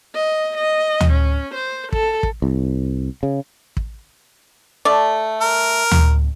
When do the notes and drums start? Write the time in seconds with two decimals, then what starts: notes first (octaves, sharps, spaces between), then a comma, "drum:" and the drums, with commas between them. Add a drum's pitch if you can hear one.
0.15 D#5
0.57 D#5
1.00 drum: tom D2
1.11 C#4
1.55 C5
1.92 A4, drum: kick
2.23 drum: kick
2.42 C2
3.23 C#3
3.77 drum: kick
4.85 A3 D5
5.41 A#4
5.91 drum: tom D2